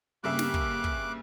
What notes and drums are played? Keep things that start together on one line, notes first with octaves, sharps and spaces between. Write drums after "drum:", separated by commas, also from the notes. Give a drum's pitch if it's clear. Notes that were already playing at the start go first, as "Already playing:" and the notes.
G2 C#3 A#3 G4 E5 D6 F#6
drum: snare
drum: kick
drum: kick